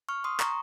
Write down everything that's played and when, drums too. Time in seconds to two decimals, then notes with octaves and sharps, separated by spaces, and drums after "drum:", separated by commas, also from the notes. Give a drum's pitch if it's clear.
0.09 C#6 F6
0.24 C6 D#6
0.40 A#5 C#6, drum: clap